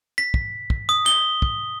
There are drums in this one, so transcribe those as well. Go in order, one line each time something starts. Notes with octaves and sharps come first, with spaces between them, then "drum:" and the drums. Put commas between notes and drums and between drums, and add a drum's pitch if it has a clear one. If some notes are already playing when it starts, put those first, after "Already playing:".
B6
drum: kick
drum: kick
D#6
G7, drum: clap
drum: kick